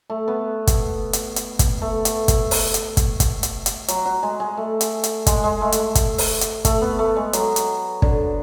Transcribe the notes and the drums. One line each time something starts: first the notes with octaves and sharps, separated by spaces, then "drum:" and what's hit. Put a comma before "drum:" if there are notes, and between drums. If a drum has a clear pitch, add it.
A3
B3
drum: kick, hi-hat
drum: hi-hat
drum: hi-hat
drum: kick, hi-hat
A3
drum: hi-hat
drum: kick, hi-hat
drum: open hi-hat
drum: hi-hat
drum: kick, hi-hat
drum: kick, hi-hat
drum: hi-hat
drum: hi-hat
F#3, drum: hi-hat
F#3
G#3
G#3
A3
drum: hi-hat
drum: hi-hat
G#3, drum: kick, hi-hat
G#3
A3
drum: hi-hat
drum: kick, hi-hat
drum: open hi-hat
drum: hi-hat
A3, drum: kick, hi-hat
B3
A3
G#3
F#3, drum: hi-hat
drum: hi-hat
D3, drum: kick